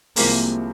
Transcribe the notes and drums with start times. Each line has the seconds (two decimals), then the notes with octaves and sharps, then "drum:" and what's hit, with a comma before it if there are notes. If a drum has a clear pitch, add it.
0.16 C2 C3 F3 G#3 A#3, drum: open hi-hat